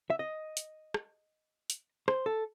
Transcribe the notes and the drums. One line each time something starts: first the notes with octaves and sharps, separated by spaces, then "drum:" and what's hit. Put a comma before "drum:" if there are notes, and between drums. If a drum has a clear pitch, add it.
E5
D#5
drum: hi-hat
drum: rim click
drum: hi-hat
C5, drum: rim click
A4